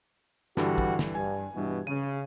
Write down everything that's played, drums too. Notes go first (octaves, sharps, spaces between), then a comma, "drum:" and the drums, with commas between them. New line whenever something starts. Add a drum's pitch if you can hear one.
G2 D3 E3 G3 F#4, drum: snare
drum: kick
drum: snare
G2 G#5
G2 B2 E3
C#3 D#7